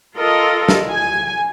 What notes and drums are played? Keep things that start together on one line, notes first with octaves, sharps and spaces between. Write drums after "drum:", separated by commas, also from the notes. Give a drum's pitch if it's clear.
F4 A4 A#4 D#5
drum: snare G4
G#5